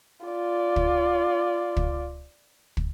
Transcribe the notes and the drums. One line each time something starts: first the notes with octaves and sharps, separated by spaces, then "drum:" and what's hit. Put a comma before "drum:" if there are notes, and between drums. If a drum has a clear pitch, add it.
F4 D5
drum: kick
drum: kick
drum: kick